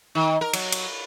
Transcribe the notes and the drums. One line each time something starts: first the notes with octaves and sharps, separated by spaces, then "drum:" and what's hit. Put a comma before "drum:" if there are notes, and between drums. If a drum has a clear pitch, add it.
D#3
A#4
F#3, drum: cymbal
drum: cymbal